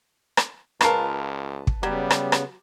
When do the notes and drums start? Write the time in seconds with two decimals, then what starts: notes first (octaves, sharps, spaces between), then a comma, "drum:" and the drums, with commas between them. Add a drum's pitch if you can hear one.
0.37 drum: rim click
0.81 C#2 C#4 F4 A#4 B4 A5, drum: rim click
1.67 drum: kick
1.83 C#3 F#3 G3 B3 G4
2.10 drum: rim click
2.32 drum: rim click